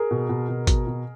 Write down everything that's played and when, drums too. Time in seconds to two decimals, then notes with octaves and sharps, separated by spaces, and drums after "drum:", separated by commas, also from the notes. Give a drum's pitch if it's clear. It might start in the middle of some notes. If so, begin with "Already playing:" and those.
Already playing: G#4 A#4
0.11 B2
0.29 B2
0.49 B2
0.67 B2, drum: kick G#1, hi-hat
0.87 B2